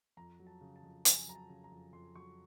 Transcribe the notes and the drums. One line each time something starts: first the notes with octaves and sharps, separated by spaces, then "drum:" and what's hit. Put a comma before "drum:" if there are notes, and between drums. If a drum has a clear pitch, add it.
F2 A#5
F#3
A5
C#3
A5
F2
F2 G#5, drum: hi-hat
F#3 A#5
A5
C#3
A#5
F2
F2 C6
F#3 C#6